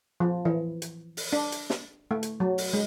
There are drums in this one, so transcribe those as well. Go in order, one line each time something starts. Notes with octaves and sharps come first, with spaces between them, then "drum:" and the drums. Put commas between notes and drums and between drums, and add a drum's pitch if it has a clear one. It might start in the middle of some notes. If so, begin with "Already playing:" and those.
F3
E3
drum: hi-hat
drum: open hi-hat
D4
drum: hi-hat
drum: snare
A3
drum: hi-hat
F#3
drum: open hi-hat
G#3